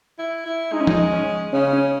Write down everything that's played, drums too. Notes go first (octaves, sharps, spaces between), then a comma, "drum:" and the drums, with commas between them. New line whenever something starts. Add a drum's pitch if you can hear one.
E4
E4
G#3 D#4
C#4
D#4, drum: tom
C#4
C#3 C#4
C#4